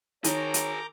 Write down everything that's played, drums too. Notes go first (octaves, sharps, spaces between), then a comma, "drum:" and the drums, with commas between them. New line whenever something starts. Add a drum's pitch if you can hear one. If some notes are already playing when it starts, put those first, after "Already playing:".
D#3 G#4 A#4 C#5 A#5 D6 G6, drum: hi-hat
drum: hi-hat